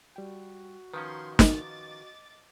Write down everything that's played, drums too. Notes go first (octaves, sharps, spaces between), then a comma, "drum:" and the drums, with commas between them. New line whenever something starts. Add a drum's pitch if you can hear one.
G3 F#4 G5
D#3 F3 C#4 B4 F5 A#5 C6 C#6
D#5 D6 A6, drum: snare